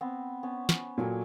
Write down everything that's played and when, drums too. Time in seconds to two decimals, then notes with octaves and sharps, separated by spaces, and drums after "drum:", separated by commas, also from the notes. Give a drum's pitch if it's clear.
0.01 B3 C4
0.43 B3 C#4 B5
0.69 drum: snare
0.98 A#2 F#3 A4 G5 G#5